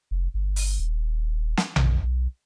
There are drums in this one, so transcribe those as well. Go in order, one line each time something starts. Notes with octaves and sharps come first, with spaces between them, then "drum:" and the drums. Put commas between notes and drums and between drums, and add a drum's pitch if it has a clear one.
F1
G1
drum: open hi-hat
D#1
drum: snare
drum: tom A#1
B1